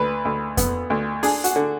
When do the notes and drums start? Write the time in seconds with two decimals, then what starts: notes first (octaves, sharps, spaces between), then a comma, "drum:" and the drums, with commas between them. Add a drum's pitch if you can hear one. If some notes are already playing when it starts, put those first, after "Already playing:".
Already playing: D2 B4
0.25 D2
0.57 B3, drum: kick F2, hi-hat
0.90 D2
1.23 D4 G#4, drum: open hi-hat
1.44 F#4, drum: hi-hat
1.56 D3